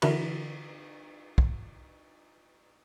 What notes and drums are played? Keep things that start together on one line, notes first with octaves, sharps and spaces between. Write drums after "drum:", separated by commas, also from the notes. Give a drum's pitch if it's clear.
D3 E3 E4 F#4 A#4 B4, drum: cymbal
drum: kick